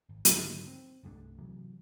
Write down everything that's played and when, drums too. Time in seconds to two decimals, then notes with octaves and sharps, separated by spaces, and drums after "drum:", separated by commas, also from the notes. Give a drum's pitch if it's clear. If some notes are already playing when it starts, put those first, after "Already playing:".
0.09 G#1
0.25 G#2 D3 D#3 F#3, drum: hi-hat
0.67 C4
1.04 C2 G2 A3 D4
1.39 C3 E3 F#3